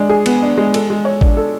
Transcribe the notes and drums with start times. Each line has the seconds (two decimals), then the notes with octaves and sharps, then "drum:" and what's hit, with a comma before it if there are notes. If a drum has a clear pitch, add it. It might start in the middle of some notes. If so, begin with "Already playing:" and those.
Already playing: G#3 D4
0.09 G#4
0.26 B3, drum: cymbal
0.42 D4
0.58 G#3
0.74 A4, drum: cymbal
0.90 G#3
1.05 C#5
1.21 D4, drum: kick G#1
1.37 A4